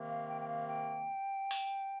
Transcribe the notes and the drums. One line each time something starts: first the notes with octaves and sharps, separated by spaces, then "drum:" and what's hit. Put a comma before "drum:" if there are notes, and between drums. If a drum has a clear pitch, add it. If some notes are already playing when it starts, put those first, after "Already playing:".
Already playing: C3 D#3 A#3
F5
G5
G5
F5
G5
drum: open hi-hat